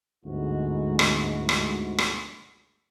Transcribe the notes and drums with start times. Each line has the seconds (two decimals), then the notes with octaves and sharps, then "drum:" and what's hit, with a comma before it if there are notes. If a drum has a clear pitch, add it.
0.24 G1 D2 G#2 G#3 E4 F#4
0.99 drum: rim click
1.49 drum: rim click
1.98 drum: rim click